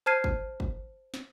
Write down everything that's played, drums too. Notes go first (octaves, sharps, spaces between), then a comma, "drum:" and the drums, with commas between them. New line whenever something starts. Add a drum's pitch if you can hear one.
C5 A5 F6 G#6 C7 D#7
drum: kick
drum: kick
drum: snare